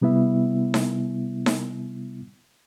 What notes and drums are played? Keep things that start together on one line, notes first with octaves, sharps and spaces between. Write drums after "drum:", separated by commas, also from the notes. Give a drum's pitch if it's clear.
C3 G3 B3 E4 E5
drum: snare D#4
drum: snare D#4